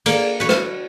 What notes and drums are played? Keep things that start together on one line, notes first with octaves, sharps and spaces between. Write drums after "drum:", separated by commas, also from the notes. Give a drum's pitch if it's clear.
A#3 G#4 D5, drum: cymbal
F#4 B4 C#5
drum: rim click